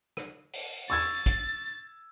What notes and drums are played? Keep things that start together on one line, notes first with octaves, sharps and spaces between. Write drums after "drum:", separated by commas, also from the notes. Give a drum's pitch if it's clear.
drum: rim click
drum: open hi-hat
C#6 E6 G#6 A6
drum: kick, hi-hat